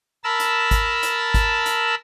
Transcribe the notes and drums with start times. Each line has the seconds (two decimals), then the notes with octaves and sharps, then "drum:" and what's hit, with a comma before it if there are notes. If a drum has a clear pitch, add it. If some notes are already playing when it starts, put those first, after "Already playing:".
0.24 A#4 A5 B5 E6
0.40 drum: hi-hat
0.71 drum: kick G#1, hi-hat
1.03 drum: hi-hat
1.34 drum: kick G#1, hi-hat
1.66 drum: hi-hat